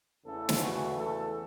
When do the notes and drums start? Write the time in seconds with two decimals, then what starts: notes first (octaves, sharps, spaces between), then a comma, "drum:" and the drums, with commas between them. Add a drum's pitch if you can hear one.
0.25 E2 C#3 E3 A3 A4
0.49 drum: snare
0.61 F#4
0.96 A4